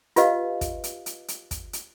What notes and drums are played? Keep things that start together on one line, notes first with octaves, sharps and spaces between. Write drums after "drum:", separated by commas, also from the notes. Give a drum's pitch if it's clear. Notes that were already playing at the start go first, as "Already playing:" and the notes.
F4 G4 B4 D#5 F5, drum: hi-hat
drum: kick, hi-hat
drum: hi-hat
drum: hi-hat
drum: hi-hat
drum: kick, hi-hat
drum: hi-hat